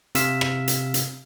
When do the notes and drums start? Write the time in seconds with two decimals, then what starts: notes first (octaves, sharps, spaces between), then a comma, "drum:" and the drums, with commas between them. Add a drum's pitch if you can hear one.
0.15 C3 F5 E6 B6, drum: hi-hat
0.41 drum: rim click
0.68 drum: hi-hat
0.94 drum: hi-hat